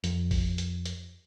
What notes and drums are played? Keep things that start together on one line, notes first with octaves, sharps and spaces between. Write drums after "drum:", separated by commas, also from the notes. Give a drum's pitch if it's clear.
F2, drum: hi-hat
drum: kick A1, open hi-hat
drum: hi-hat
drum: hi-hat